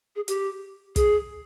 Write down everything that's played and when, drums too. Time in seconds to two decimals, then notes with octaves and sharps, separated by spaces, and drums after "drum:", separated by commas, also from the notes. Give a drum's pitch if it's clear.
0.16 G#4
0.28 G4, drum: hi-hat
0.96 G#4, drum: kick, hi-hat